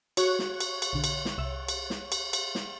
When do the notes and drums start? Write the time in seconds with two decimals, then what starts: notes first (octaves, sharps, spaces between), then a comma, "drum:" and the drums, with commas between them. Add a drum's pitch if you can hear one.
0.17 F#4 C#5 C#6 F#6, drum: cymbal
0.39 drum: snare
0.60 drum: cymbal
0.82 drum: cymbal
0.93 B1 D3
1.04 drum: cymbal
1.25 drum: snare
1.38 C2 E5 E6
1.68 drum: cymbal
1.90 drum: snare
2.12 drum: cymbal
2.33 drum: cymbal
2.55 drum: snare